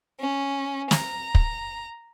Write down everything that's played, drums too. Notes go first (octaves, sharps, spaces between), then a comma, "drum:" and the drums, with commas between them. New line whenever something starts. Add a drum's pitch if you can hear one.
C#4
A#5, drum: snare
drum: kick